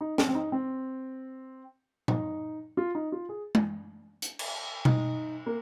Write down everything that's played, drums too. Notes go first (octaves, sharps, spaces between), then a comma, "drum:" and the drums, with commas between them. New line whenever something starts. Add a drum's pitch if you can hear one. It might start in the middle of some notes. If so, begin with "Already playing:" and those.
D#4
C4, drum: snare
C4
D#4
C4
D#4, drum: tom A#2
F4
D#4
F4
G#4
drum: tom G#3
drum: hi-hat
drum: cymbal
D#4, drum: tom B2
A#3